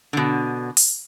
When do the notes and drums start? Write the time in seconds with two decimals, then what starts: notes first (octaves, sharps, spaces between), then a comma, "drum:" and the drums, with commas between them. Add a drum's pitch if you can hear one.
0.13 B2 D3
0.77 drum: open hi-hat